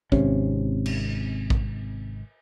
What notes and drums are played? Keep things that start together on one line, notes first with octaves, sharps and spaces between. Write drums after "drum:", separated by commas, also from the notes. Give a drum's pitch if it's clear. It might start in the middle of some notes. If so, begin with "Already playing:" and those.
G#1 C3 C#4, drum: kick A1
drum: cymbal
drum: kick A1